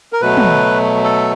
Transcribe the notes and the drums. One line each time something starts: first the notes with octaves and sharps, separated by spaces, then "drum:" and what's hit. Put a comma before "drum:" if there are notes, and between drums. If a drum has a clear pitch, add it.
A#4
B2 F#3 A3 B4
drum: tom
A4